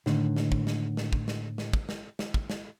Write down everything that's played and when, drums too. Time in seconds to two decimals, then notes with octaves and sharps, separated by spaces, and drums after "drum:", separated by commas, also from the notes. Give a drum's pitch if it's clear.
0.06 A2 D3 D#3, drum: snare
0.36 drum: snare
0.52 drum: kick
0.67 drum: snare
0.97 drum: snare
1.13 drum: kick
1.28 drum: snare
1.58 drum: snare
1.73 drum: kick
1.89 drum: snare
2.19 drum: snare
2.34 drum: kick
2.50 drum: snare